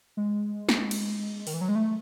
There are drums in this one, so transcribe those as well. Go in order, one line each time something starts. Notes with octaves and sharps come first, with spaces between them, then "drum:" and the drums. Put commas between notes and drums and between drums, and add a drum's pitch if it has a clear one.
G#3
drum: snare
drum: cymbal
D#3, drum: open hi-hat
E3
F#3
G#3
A3